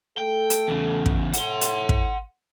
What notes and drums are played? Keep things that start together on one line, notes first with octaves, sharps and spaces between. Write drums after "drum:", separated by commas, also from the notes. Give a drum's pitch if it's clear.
A3 A4 G5
drum: hi-hat
E2 C#3
drum: kick
A2 F#5 C6, drum: hi-hat
drum: hi-hat
drum: kick